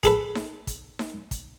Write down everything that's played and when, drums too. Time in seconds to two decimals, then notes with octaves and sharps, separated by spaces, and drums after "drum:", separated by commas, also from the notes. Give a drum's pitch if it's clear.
0.03 G#4 A4 B4, drum: kick, hi-hat
0.35 drum: snare D#4
0.67 drum: kick, hi-hat
0.99 drum: snare D#4
1.31 drum: kick, hi-hat